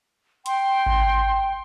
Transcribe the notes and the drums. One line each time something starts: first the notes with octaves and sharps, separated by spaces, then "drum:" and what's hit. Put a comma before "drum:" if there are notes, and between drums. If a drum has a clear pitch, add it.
G5 C6, drum: hi-hat
drum: kick G#1